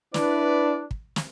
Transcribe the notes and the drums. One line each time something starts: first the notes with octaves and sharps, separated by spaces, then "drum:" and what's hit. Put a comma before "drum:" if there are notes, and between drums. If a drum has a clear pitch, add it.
D4 E4 B4 D5, drum: snare
drum: kick
drum: snare